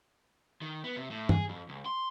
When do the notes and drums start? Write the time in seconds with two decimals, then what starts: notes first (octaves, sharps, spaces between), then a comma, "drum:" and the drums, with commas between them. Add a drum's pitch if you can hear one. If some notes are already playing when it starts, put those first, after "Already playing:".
0.62 D#3
0.84 B3
0.97 C3
1.11 A2
1.29 G#4, drum: tom
1.49 F2
1.69 C#2
1.86 C6